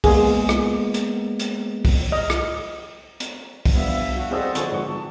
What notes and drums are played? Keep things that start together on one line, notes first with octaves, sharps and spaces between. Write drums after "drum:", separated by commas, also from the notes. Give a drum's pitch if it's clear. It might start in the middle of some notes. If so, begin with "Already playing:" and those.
G#3 A#3 B3 G#4, drum: kick, open hi-hat
drum: rim click
drum: hi-hat
drum: hi-hat
drum: kick, open hi-hat
D#5 F6
drum: rim click
drum: hi-hat
drum: kick, open hi-hat
F3 G3 B3 D4 E5 F5
F#4
C4 G#4 A4 C5 D5 D#5 F#5 E6
D3 F3 G#4 A4 C5 C#6, drum: hi-hat
G#1 G#2 B2 D5 F#5 C#6
G#3 A5